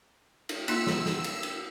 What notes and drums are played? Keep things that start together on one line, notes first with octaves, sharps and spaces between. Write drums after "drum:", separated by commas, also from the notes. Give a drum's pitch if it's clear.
drum: cymbal
A#3 D#4 F4 E6, drum: cymbal
drum: snare
drum: snare
drum: cymbal
drum: cymbal